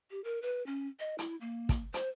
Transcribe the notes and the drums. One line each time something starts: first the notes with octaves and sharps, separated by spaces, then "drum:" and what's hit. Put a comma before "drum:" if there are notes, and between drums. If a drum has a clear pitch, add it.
G4
A#4
B4
C#4
D#5
E4, drum: hi-hat
A#3
drum: kick, hi-hat
C5, drum: hi-hat